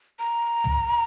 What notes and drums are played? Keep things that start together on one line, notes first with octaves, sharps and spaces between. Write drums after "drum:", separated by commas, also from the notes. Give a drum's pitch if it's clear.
A#5
drum: tom